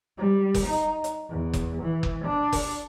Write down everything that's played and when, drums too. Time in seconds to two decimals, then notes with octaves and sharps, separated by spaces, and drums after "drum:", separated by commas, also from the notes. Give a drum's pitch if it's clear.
0.17 G3
0.54 drum: kick F#1, open hi-hat
0.66 D#4
1.04 drum: hi-hat
1.29 E2
1.53 drum: kick F#1, hi-hat
1.83 E3
2.03 drum: kick F#1
2.25 D4
2.52 drum: kick F#1, open hi-hat